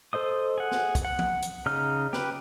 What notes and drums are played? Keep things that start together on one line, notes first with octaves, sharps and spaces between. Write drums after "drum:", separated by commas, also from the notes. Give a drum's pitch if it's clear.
A4 C5 D#5 D#6
G#4 F#5
drum: snare
drum: kick, hi-hat
F#5
drum: tom
drum: hi-hat
C#3 D#4 F6
G4 B4, drum: snare